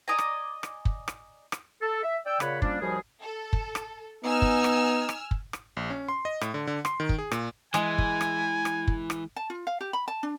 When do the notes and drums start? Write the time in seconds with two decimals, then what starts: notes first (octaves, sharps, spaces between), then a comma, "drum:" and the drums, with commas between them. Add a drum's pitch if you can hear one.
0.08 D5 D#5 G#5 A#5
0.18 drum: rim click
0.63 drum: rim click
0.85 drum: kick
1.08 drum: rim click
1.52 drum: rim click
1.82 A4
2.03 E5
2.26 D5 G5 E6
2.40 A#2 C#3 C#5 D5 F#5 B5, drum: rim click
2.62 F3 G3 A#3 C#4 D4, drum: kick
2.81 D#2 F3 G3 F#4 G#4
3.22 A4
3.53 drum: kick
3.75 drum: rim click
4.25 B3 D#4 G#5 E6 F6
4.42 drum: kick
4.64 drum: rim click
5.09 drum: rim click
5.31 drum: kick
5.53 drum: rim click
5.77 A#1
5.90 C#4
6.09 C6
6.25 D#5
6.41 A2, drum: rim click
6.54 D3
6.67 D3
6.85 C6, drum: rim click
7.00 D#3
7.09 drum: kick
7.18 G#4
7.31 A#2, drum: rim click
7.74 E3 G#3 G#5, drum: rim click
7.98 drum: kick
8.21 drum: rim click
8.65 drum: rim click
8.87 drum: kick
9.10 drum: rim click
9.36 A5
9.50 F4
9.67 F5
9.81 G4
9.93 B5
10.08 A5
10.23 D4